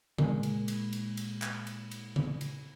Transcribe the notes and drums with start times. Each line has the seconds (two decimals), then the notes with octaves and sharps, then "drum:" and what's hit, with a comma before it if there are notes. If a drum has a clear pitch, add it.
0.18 A#2 G#3, drum: tom C#3
0.43 drum: cymbal
0.68 drum: cymbal
0.93 drum: cymbal
1.17 drum: cymbal
1.42 drum: clap
1.67 drum: cymbal
1.91 drum: cymbal
2.16 drum: tom C#3
2.41 drum: cymbal